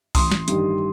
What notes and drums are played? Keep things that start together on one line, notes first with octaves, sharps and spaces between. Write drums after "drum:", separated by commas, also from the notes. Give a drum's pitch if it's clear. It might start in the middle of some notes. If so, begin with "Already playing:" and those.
A1 C6 D#6, drum: kick C2, open hi-hat
drum: snare
G2 D#3 G3, drum: hi-hat